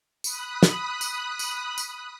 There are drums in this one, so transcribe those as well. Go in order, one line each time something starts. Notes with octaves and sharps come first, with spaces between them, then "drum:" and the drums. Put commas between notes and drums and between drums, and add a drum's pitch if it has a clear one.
B5 D#6 F#6, drum: tambourine
drum: snare
drum: tambourine
drum: tambourine
drum: tambourine